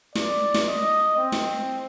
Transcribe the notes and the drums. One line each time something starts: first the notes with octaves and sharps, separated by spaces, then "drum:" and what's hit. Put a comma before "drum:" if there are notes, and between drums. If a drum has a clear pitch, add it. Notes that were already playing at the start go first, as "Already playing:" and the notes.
D5, drum: snare
drum: snare
D#5
C4
drum: snare